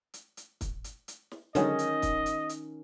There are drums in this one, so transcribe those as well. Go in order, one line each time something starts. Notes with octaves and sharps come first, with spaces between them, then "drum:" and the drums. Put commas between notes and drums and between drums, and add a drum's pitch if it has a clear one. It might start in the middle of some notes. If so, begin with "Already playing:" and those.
drum: hi-hat
drum: hi-hat
drum: kick, hi-hat
drum: hi-hat
drum: hi-hat
drum: snare
D3 D#3 F#3 G#3 C#4 D#5, drum: hi-hat
drum: hi-hat
drum: kick, hi-hat
drum: hi-hat
drum: hi-hat